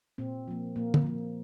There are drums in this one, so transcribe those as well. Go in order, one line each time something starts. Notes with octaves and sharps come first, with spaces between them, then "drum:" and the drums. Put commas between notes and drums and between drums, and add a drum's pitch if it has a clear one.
A#2 C4
F3 A#3
A#2 A#3
drum: tom
F3 A#3